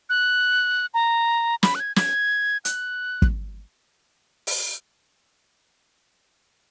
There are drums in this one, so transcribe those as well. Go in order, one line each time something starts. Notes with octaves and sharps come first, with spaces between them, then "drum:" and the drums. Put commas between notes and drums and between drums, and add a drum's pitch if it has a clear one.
F#6
A#5
B5, drum: snare
F#6
G#6
G#6, drum: snare
F#6, drum: hi-hat
drum: kick
drum: open hi-hat